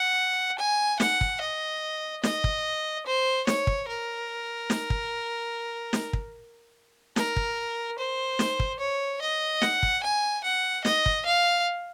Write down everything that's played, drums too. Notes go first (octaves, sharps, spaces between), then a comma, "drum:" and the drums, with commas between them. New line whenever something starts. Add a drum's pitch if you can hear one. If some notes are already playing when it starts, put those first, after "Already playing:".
Already playing: F#5
G#5
F#5, drum: snare
drum: kick
D#5
D#5, drum: snare
drum: kick
C5
C#5, drum: snare
drum: kick
A#4
drum: snare
drum: kick
drum: snare
drum: kick
A#4, drum: snare
drum: kick
C5
drum: snare
drum: kick
C#5
D#5
F#5, drum: snare
drum: kick
G#5
F#5
D#5, drum: snare
drum: kick
F5